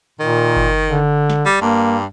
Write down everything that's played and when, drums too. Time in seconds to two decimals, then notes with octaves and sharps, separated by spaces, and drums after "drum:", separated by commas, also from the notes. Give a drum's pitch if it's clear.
0.20 A#2 D#3
0.56 drum: kick F#1
0.89 D3
1.30 drum: snare
1.46 G3
1.61 G2 A#3